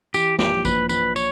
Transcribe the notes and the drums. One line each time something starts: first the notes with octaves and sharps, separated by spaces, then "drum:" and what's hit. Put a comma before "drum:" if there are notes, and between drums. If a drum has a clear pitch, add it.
E3 G4, drum: tambourine
A#1 G4, drum: snare
A#1 B4, drum: kick A1, tambourine
A#1 B4, drum: tambourine
C#5, drum: tambourine